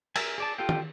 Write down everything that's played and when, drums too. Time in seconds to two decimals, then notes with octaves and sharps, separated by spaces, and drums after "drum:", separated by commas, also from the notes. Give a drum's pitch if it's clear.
0.16 A#4 E5 G#5, drum: cymbal
0.38 G#4 D5 A5
0.58 F4 G4 A4 F5 G5
0.69 drum: tom